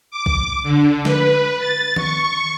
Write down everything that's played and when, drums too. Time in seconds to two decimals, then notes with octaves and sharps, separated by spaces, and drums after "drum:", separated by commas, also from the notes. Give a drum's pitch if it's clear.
0.11 D6
0.26 drum: kick A#1
0.63 D3
1.05 B4, drum: snare
1.59 A6
1.96 C#6, drum: tom D#3